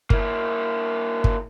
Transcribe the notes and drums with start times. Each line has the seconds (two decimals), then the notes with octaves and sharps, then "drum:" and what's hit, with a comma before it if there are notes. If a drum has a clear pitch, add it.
0.10 A#3 E4, drum: kick
1.24 drum: kick